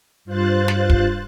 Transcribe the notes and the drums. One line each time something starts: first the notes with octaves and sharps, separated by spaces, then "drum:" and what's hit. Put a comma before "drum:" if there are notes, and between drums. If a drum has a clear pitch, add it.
G2 F4 C5 F#6 A6
drum: snare
drum: kick